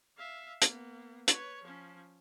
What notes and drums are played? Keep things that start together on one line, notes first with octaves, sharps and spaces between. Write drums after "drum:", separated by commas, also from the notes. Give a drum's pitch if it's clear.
E5 F5
A#3 B3, drum: hi-hat
B4 C#5, drum: hi-hat
F3 C#4